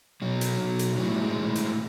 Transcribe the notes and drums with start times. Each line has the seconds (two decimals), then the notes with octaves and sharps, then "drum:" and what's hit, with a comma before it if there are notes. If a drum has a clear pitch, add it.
0.22 B2 F#3
0.41 drum: hi-hat
0.60 B2
0.79 drum: hi-hat
0.98 A2 E3 F#3
1.11 G3
1.24 G#3
1.37 A2 E3
1.55 drum: hi-hat